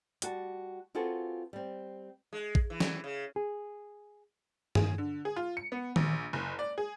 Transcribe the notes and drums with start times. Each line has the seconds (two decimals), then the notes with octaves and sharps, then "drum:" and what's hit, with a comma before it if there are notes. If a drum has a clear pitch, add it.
0.22 G3 F#4 A5, drum: hi-hat
0.95 C4 F4 F#4 G#4 A4 B4
1.53 G3 C4
2.33 G#3
2.55 drum: kick A1
2.70 E3
2.80 drum: snare
3.04 C#3
3.36 G#4
4.75 G#4, drum: tom G2
4.98 D3
5.25 G#4
5.36 F4
5.57 C#7
5.72 B3
5.96 A#1, drum: tom D#3
6.33 F#1
6.59 D5
6.78 G#4